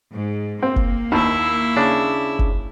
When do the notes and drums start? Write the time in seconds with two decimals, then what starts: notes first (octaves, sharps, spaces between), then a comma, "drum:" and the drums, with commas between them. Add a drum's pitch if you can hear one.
0.11 G#2
0.63 A#3 C4
0.76 drum: kick F#1
1.12 D#2 E4 E5 A5 B5
1.77 C#3 D4
2.39 drum: kick F#1